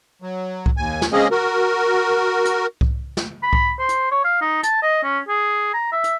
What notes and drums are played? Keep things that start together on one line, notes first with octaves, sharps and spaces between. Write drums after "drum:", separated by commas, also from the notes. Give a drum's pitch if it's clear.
F#3
drum: kick C2
D#2 G#5
drum: snare
G#3 A#3 C4 C#4 G#4 D#5
F#4 A#4
drum: hi-hat
drum: kick C2
drum: snare
B5
drum: kick C2
C5
drum: hi-hat
C#5
F5
D#4
A5, drum: hi-hat
D#5
C#4
G#4
A#5
E5
drum: hi-hat